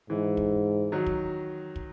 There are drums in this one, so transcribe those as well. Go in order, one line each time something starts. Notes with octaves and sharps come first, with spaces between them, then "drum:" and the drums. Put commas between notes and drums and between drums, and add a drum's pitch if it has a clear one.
G#2 E3
drum: kick
D#3 F#3
drum: kick
drum: kick